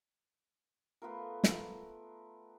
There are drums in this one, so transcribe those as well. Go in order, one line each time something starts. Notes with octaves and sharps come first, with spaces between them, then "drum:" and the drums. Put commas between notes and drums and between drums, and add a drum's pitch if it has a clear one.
A3 B3 F4 A#4
drum: snare